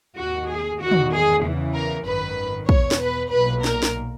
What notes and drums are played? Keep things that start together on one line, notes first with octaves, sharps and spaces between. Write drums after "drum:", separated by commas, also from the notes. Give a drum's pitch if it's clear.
D#2 D#3 F#4
G#4
E2 D#3 F#4
drum: tom
G#4
E2 C#3 E3
A#4
G#1 F#2 D#3 B4
E2 B2 C#5, drum: kick
drum: snare
B4
B1 A#2 B4
A#4, drum: snare
drum: snare